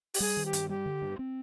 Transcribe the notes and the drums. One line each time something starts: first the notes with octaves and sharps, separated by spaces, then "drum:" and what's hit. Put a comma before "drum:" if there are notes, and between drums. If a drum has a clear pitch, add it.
G4, drum: open hi-hat
G3 G#4
D#3
G4
G2, drum: hi-hat
G3 G4
D3
G2
C4